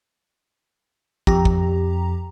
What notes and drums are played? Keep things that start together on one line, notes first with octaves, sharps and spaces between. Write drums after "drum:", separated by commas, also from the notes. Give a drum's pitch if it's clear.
F2 G4 A#5, drum: kick
drum: kick